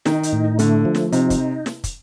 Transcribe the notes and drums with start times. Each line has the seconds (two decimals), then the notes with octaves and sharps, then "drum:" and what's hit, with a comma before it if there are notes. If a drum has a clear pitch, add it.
0.05 D#3 D#4, drum: snare
0.23 drum: hi-hat
0.33 A2
0.59 D3 A3, drum: hi-hat
0.85 F3
0.95 drum: snare
1.12 C3 D#4, drum: hi-hat
1.30 drum: kick, hi-hat
1.66 drum: snare
1.84 drum: kick, hi-hat